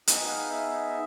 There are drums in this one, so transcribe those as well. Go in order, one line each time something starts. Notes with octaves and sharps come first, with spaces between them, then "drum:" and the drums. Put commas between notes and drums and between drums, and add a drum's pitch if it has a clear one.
B3 D#4 G#4 G5, drum: hi-hat
F#5
F5
E5